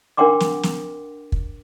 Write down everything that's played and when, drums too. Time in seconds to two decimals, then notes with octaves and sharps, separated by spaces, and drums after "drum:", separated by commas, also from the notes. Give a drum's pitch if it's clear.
0.17 D4 A#4 F#5 G5 C6 D6
0.40 drum: snare
0.63 drum: snare
1.32 drum: kick